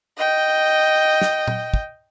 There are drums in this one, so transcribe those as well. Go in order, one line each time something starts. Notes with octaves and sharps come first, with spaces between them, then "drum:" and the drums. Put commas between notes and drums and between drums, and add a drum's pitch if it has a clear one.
D#5 G5
drum: snare
drum: tom A#2
drum: kick